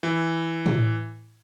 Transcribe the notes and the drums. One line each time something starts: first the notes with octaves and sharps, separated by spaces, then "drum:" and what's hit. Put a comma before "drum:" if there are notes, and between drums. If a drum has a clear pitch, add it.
E3
drum: tom A2